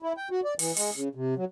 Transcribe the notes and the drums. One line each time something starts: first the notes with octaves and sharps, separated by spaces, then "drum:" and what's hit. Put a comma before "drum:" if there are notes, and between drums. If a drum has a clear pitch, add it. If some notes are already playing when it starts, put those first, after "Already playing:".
E4
G5
F#4
D5
E3, drum: open hi-hat
G#3, drum: open hi-hat
C#3
C3
F#3